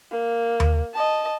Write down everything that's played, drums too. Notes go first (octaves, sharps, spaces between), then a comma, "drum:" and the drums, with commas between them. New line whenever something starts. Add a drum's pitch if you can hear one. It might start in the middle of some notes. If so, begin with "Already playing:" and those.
A#3
drum: tom D#2
D#5 A5